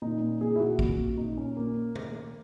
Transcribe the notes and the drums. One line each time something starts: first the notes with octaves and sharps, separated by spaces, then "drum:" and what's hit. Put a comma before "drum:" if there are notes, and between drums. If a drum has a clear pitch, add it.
A#2 D#4
A#2
A#2 G#4
E4
A#2 F#4
A#2, drum: kick A#1
A#2
A#2 D#4
A#2 C#4
A#2 A#3
drum: tom C3